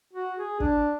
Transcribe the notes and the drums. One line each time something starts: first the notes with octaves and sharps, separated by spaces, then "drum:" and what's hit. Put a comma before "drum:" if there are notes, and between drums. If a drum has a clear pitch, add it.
F#4
G#4
D4, drum: kick